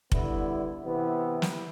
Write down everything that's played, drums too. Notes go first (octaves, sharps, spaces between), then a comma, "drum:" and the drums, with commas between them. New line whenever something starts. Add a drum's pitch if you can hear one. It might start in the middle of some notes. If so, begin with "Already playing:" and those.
D3 G3 B3 E4, drum: kick F1
C3 E3 B3 E4
drum: snare